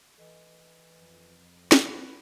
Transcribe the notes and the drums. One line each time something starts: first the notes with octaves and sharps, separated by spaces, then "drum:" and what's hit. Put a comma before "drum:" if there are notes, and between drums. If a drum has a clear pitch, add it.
E3 A4 D#5
F2
drum: snare
E4 B4 F#5